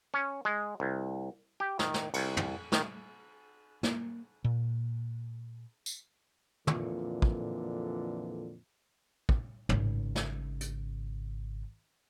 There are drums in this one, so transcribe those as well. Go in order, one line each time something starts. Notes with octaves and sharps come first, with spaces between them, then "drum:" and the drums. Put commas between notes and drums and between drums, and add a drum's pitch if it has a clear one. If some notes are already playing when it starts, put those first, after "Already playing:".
C#4
G#3
C2
G4
D#3, drum: snare
drum: snare
C2, drum: cymbal
drum: tom
D#3, drum: snare
A#3, drum: snare
A#2
drum: tambourine
F2 A#2 D3 E3, drum: tom
drum: kick
drum: kick
G#1 C#3, drum: tom
drum: snare
drum: hi-hat